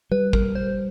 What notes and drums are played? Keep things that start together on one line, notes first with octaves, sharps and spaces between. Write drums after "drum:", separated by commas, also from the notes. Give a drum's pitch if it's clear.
G3 B4
A#4, drum: kick
C5